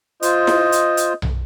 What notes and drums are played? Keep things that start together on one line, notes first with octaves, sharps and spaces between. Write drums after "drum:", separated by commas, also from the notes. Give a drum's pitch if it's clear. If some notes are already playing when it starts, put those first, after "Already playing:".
F4 C5 D#5, drum: hi-hat
drum: snare E4
drum: hi-hat
drum: hi-hat
drum: tom B1